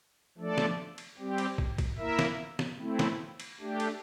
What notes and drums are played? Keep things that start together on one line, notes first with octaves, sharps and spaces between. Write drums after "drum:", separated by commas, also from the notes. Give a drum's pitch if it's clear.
F3 A3 D4 A4 D5
drum: snare
drum: cymbal
G3 C4 G4
drum: cymbal
drum: kick
drum: kick, cymbal
A#3 E4 A#4 E5
drum: snare
drum: snare
A3 C4 E4
drum: snare
drum: cymbal
A3 D4 G4
drum: cymbal